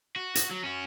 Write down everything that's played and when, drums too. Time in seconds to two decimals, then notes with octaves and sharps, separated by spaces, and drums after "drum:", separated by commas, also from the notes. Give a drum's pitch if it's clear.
0.16 F#4
0.35 F#4, drum: hi-hat
0.51 F#3
0.64 C#4 F#4